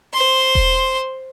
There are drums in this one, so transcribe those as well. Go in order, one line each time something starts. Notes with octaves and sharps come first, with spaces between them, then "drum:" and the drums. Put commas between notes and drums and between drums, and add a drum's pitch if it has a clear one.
C5 C6
drum: kick E1